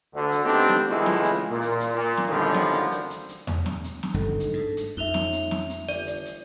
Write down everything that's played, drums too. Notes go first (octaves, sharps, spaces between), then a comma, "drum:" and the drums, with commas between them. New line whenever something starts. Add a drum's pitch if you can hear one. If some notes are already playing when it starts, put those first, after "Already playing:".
D2 D3
drum: hi-hat
A3 B3 C4 D4 D#4 G4
drum: snare
C#2 E3 G#3 A3 E4 F4
drum: snare
drum: hi-hat
A#2
drum: hi-hat
drum: hi-hat
A#2
drum: snare
F#2 D3 D#3 F3 G3
drum: snare
drum: hi-hat
drum: hi-hat
drum: hi-hat
drum: hi-hat
drum: tom E2
drum: snare
drum: hi-hat
drum: snare
G1 G2 F3 D4 D#4 A4
drum: hi-hat
G#2
drum: hi-hat
F2 C#4 D#4 E5 F7 G7
drum: snare
drum: hi-hat
drum: snare
drum: hi-hat
G1 D5, drum: hi-hat
drum: hi-hat
drum: hi-hat